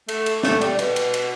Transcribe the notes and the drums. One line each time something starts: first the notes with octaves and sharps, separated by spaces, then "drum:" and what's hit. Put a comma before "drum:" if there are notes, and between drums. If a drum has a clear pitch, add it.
A3, drum: cymbal
drum: cymbal
A3, drum: snare
G3, drum: cymbal
B2, drum: cymbal
drum: cymbal
drum: cymbal